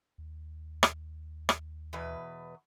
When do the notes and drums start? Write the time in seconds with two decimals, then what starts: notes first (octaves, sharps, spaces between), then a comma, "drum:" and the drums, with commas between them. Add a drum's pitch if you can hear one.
0.18 D#2
0.83 drum: rim click
1.49 drum: rim click
1.93 E2 B2 B4